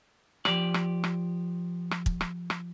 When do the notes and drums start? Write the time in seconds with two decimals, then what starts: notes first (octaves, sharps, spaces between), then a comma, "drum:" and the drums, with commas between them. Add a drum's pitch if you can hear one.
0.45 F3 G4 D5, drum: rim click
0.74 drum: rim click
1.04 drum: rim click
1.91 drum: rim click
2.06 drum: kick
2.21 drum: rim click
2.50 drum: rim click